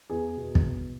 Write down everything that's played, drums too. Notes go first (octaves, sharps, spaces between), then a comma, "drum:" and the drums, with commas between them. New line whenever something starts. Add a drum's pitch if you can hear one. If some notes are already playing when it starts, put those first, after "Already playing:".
E2 G#4
B2
drum: kick